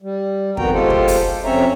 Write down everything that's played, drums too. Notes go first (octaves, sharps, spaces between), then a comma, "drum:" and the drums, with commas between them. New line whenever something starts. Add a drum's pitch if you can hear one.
G3
F2 D#3 B3 F#4 G5 A#5, drum: kick
G#3 F4 G4 A4 C5
drum: kick
drum: open hi-hat
F2 C4 C#4 C#5 E5 A#5